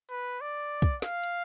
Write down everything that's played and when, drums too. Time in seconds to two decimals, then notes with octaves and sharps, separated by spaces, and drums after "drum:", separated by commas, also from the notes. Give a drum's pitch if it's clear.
0.10 B4
0.41 D5
0.82 drum: kick, hi-hat
1.02 F5, drum: snare
1.23 drum: hi-hat